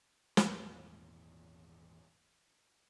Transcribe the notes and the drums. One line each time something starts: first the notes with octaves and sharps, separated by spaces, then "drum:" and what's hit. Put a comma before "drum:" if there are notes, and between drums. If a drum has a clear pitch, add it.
G#1 E2 A#2 C4, drum: snare